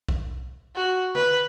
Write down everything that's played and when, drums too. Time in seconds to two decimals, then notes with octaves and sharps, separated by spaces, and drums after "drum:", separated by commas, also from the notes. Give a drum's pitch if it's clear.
0.09 drum: kick B1
0.75 F#4
1.15 B4, drum: tom D3